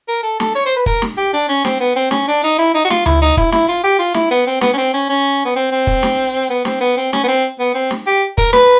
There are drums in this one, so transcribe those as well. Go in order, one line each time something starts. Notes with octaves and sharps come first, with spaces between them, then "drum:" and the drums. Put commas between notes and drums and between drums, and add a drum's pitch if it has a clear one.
A#4
A4
A4, drum: snare
C#5
C5
B4
A#4, drum: kick
drum: snare
G4
D4
C#4
C4, drum: snare
B3
C4
C#4, drum: snare
D4
D#4
E4
D#4
F#4
F4, drum: snare
E4, drum: tom D2
D#4
E4, drum: kick
E4, drum: snare
F4
G4
F4
E4, drum: snare
B3
C4
B3, drum: snare
C#4
C4
C#4
C#4
B3
C4
C4
drum: kick
drum: snare
B3
C4, drum: snare
B3
C4
C#4, drum: snare
B3
C4
B3
C4
drum: snare
G4
A#4, drum: kick
B4, drum: snare